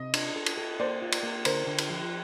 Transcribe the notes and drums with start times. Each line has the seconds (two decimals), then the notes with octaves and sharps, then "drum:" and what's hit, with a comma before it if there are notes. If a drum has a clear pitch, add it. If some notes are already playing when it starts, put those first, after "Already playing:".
Already playing: C3 D#5
0.14 D4, drum: cymbal
0.36 A4
0.46 drum: cymbal
0.57 A4
0.79 A#3 C5 D5
1.02 F4
1.12 drum: cymbal
1.23 A#3
1.45 D3 A#4 C5, drum: cymbal
1.67 D3
1.78 drum: cymbal
1.90 F3